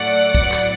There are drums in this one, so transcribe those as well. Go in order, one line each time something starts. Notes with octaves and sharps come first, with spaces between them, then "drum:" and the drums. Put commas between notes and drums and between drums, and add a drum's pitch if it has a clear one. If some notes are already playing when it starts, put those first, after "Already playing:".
Already playing: A2 F#3 A3 D5 F#5
A2 F#3 B3, drum: kick, hi-hat
drum: clap